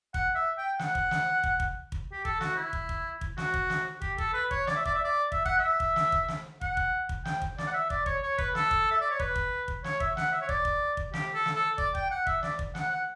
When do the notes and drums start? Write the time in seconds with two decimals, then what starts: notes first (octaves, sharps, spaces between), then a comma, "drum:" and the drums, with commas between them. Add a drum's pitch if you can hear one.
0.14 F#5, drum: kick
0.35 E5
0.58 G5
0.79 F#5, drum: snare
0.95 drum: kick
1.11 drum: snare
1.44 drum: kick
1.60 drum: kick
1.92 drum: kick
2.12 G4
2.25 A4, drum: kick
2.41 F#4, drum: snare
2.56 E4
2.73 drum: kick
2.89 drum: kick
3.21 drum: kick
3.38 F#4, drum: snare
3.54 drum: kick
3.70 drum: snare
4.02 G4, drum: kick
4.18 A4, drum: kick
4.34 B4
4.51 C#5, drum: kick
4.67 D5, drum: snare
4.76 E5
4.85 D5, drum: kick
4.95 E5
5.04 D5
5.32 E5, drum: kick
5.46 F#5, drum: kick
5.59 E5
5.80 drum: kick
5.96 drum: snare
6.12 drum: kick
6.28 drum: snare
6.61 F#5, drum: kick
6.77 drum: kick
7.09 drum: kick
7.25 G5, drum: snare
7.42 drum: kick
7.58 D5, drum: snare
7.67 F#5
7.74 E5
7.90 D5, drum: kick
8.06 C#5, drum: kick
8.22 C#5
8.38 B4, drum: kick
8.55 A4, drum: snare
8.71 drum: kick
8.91 E5
9.01 D5
9.10 C#5
9.20 B4, drum: kick
9.36 drum: kick
9.68 drum: kick
9.84 C#5, drum: snare
10.00 E5, drum: kick
10.17 F#5, drum: snare
10.32 E5
10.41 C#5
10.49 D5, drum: kick
10.65 drum: kick
10.97 drum: kick
11.14 G4, drum: snare
11.34 A4
11.46 drum: snare
11.56 A4
11.78 D5, drum: kick
11.95 G5, drum: kick
12.11 F#5
12.27 E5, drum: kick
12.43 D5, drum: snare
12.59 drum: kick
12.75 F#5, drum: snare
12.91 F#5